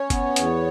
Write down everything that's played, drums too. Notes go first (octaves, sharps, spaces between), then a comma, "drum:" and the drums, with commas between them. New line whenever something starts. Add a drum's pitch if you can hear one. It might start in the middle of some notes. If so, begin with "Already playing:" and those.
Already playing: C#4 C#5
B3, drum: kick G1, hi-hat
E2, drum: hi-hat